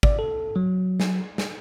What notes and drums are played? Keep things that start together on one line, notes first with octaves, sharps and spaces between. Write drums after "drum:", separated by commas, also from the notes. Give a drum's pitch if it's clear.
D5, drum: kick
A4
F#3
drum: snare
drum: snare